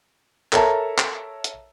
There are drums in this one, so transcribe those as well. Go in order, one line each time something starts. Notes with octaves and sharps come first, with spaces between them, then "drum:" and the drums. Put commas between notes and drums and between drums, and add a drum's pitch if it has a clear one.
A4 A#4 C#5 E5 A5 A#5, drum: clap
drum: clap
drum: hi-hat